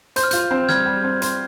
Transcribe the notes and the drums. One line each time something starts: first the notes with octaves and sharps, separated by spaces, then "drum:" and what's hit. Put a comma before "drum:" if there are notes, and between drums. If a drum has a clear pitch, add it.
C5 G6, drum: hi-hat
F6
F4 G6, drum: hi-hat
C4
G3 F6 G#6, drum: snare
G3
C4
C5, drum: hi-hat